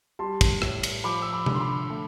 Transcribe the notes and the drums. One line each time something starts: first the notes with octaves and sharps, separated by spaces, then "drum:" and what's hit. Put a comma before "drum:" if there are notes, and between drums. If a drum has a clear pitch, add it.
G3 A5 C6
drum: kick, cymbal
A2, drum: rim click
drum: cymbal
F3 B5 D6
E6
B5 D6
D3, drum: tom C3
C6
B5 D6
A3